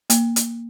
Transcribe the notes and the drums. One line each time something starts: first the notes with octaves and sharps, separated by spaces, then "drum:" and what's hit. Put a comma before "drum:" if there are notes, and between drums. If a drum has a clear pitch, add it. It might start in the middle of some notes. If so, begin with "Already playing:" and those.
A#3, drum: hi-hat
drum: hi-hat